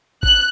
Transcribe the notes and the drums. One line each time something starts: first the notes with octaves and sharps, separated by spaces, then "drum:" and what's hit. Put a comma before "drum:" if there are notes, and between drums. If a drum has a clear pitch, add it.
F#6, drum: kick G#1